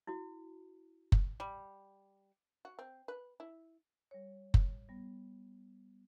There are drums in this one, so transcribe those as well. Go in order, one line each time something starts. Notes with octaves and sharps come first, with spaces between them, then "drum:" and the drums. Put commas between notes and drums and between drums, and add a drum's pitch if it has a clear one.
E4 F#4
drum: kick F#1
G3
F#4
C4
B4
E4
G3 C#5
drum: kick F#1
G3 B3